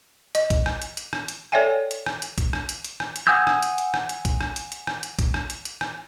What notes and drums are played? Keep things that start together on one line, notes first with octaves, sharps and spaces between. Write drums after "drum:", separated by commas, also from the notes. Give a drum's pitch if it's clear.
D#5, drum: hi-hat
drum: kick, hi-hat
drum: rim click
drum: hi-hat
drum: hi-hat
drum: rim click
drum: hi-hat
A4 C#5 D5 E5 G5 G#5
drum: hi-hat
drum: rim click
drum: hi-hat
drum: kick, hi-hat
drum: rim click
drum: hi-hat
drum: hi-hat
drum: rim click
drum: hi-hat
F#5 G#5 D#6 E6 G6
drum: rim click
drum: hi-hat
drum: hi-hat
drum: rim click
drum: hi-hat
drum: kick, hi-hat
drum: rim click
drum: hi-hat
drum: hi-hat
drum: rim click
drum: hi-hat
drum: kick, hi-hat
drum: rim click
drum: hi-hat
drum: hi-hat
drum: rim click